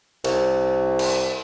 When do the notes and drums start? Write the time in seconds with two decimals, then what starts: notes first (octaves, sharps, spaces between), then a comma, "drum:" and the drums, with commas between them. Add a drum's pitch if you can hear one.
0.24 C2, drum: cymbal
0.99 drum: cymbal